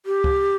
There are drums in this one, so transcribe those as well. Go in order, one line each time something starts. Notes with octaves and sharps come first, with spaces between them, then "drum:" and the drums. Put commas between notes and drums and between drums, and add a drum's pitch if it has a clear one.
G4
drum: kick C#2